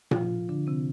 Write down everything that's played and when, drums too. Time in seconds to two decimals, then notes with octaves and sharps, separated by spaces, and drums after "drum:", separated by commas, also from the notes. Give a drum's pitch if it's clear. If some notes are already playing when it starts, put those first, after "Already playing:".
0.11 F3 F4, drum: tom A#2
0.49 D3 D4
0.67 C3 C4